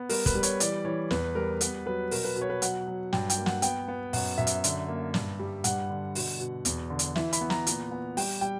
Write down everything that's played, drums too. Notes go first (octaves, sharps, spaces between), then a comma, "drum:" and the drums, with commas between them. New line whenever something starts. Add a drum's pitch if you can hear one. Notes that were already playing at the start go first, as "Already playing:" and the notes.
Already playing: B3
G3 A#4, drum: open hi-hat
B4, drum: kick, hi-hat
G3
C#5, drum: hi-hat
E3 D5, drum: hi-hat
E3 C#5
E2 B4, drum: snare
G3 A#4
B3 B4, drum: hi-hat
F#3 B4
B2 A#4, drum: open hi-hat
B4
B2
C#5
B4
F#3 F#5, drum: hi-hat
F#3
G2 G5, drum: snare
G5, drum: hi-hat
A#3
F#5, drum: snare
B3 G5, drum: hi-hat
B3
F#2 F#5, drum: open hi-hat
F#2 E5
drum: hi-hat
D3, drum: hi-hat
A#3
G2, drum: snare
G3
G2 F#5, drum: hi-hat
D3
B2, drum: open hi-hat
B2
E2, drum: hi-hat
D3
drum: hi-hat
E3 E5, drum: snare
B5, drum: hi-hat
B3
A#5, drum: snare
A#2, drum: hi-hat
B3
G3 G5, drum: open hi-hat
G3 G5